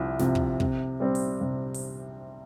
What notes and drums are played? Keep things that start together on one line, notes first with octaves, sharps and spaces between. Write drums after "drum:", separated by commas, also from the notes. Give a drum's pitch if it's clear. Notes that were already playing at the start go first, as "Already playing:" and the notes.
Already playing: C2 C3 F3
C3 F3, drum: snare
drum: kick
C3, drum: kick
G3 C4
drum: open hi-hat
C3
drum: open hi-hat